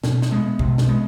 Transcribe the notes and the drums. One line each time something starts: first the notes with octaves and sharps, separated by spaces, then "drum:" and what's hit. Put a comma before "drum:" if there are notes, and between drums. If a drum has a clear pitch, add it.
B2, drum: snare
drum: snare
G#3 B3
B2, drum: kick B1
drum: snare
G#3 B3